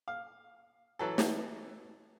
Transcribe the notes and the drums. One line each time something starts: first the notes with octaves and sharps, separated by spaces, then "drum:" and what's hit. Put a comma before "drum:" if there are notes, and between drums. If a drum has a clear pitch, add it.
F5
E3 F#3 A4
drum: snare